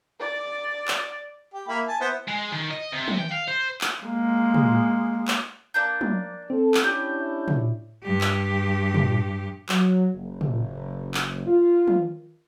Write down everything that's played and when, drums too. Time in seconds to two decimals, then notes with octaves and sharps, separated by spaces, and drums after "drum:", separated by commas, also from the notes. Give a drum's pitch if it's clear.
0.19 D5
0.88 drum: clap
1.54 G4
1.68 A#3 E4 B5
1.88 G#5 A5
2.00 B3 E4 C5
2.28 G#3
2.52 D#3
2.71 D#5
2.93 C3
3.08 drum: tom
3.19 G5
3.31 F5
3.48 C5
3.81 drum: clap
4.01 G#3 A#3
4.54 drum: tom
5.28 drum: clap
5.74 A#3 D4 G6
6.01 drum: tom
6.50 C4 A4
6.74 drum: clap
6.84 C#4 D4 E4 G4 G6
7.48 drum: tom
8.04 G2 G4
8.21 drum: clap
8.94 drum: tom
9.69 F#3, drum: clap
10.14 F#1
10.41 drum: tom
11.14 drum: clap
11.46 F4
11.88 drum: tom